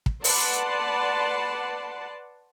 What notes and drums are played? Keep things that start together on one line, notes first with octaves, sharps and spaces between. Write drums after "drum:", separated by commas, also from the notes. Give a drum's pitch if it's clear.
drum: kick
B4 D5 F#5 A5 C6, drum: open hi-hat